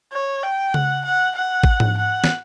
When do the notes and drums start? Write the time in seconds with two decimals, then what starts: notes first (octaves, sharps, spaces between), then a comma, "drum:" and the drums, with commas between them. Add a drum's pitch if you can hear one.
0.13 C#5
0.43 G5
0.74 F#5, drum: tom C#3
1.05 F#5
1.36 F#5
1.64 drum: kick G#1
1.80 drum: tom G#2
1.97 F#5
2.24 drum: snare